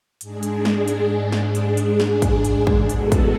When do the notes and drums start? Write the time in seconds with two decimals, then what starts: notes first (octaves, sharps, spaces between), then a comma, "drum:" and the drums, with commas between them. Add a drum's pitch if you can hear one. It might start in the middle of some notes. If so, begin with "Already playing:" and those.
0.21 G#2 G#3 D4 G#4, drum: hi-hat
0.43 drum: hi-hat
0.65 drum: snare
0.88 drum: hi-hat
1.32 drum: snare
1.55 drum: hi-hat
1.77 drum: hi-hat
2.00 drum: snare
2.22 drum: kick, hi-hat
2.44 drum: hi-hat
2.67 drum: kick
2.89 A2 G#3 B3 F#4 A4, drum: hi-hat
3.12 drum: kick, hi-hat